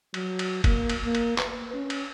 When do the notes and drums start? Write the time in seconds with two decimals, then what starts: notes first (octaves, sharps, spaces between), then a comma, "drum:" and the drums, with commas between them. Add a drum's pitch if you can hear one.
0.14 F#3, drum: cymbal
0.39 drum: cymbal
0.64 A#3, drum: kick, cymbal
0.90 drum: cymbal
1.03 A#3
1.15 drum: cymbal
1.38 B4, drum: clap
1.74 C#4
1.90 drum: cymbal